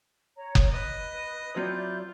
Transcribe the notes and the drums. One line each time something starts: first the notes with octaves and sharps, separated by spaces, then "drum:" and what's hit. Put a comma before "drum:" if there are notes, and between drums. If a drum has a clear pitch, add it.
C#5 A#5
drum: kick F#1
B4 D#5
F#3 C4 E4 F4 D5 G6